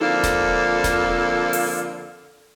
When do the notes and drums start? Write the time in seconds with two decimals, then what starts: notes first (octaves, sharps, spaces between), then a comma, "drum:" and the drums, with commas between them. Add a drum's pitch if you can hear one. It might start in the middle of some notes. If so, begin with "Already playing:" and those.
0.01 F2 D3 A#3 A4, drum: tom D#4
0.24 drum: snare E1
0.84 drum: snare E1
1.53 drum: open hi-hat